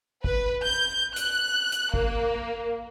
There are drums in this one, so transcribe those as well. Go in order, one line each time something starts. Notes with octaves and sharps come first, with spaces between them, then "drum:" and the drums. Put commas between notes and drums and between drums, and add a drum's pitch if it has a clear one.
B4, drum: kick
G6
F#6, drum: hi-hat
drum: hi-hat
A#3, drum: kick